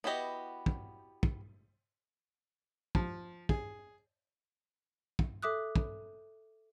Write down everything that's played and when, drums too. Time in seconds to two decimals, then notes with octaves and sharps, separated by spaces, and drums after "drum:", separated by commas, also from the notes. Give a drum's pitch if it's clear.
0.04 B3 E4 F#4 G4 D#5
0.66 drum: kick
1.23 drum: kick
2.95 F3, drum: kick
3.49 G#4, drum: kick
5.19 drum: kick
5.43 A4 E5 D6 D#6 F#6
5.76 drum: kick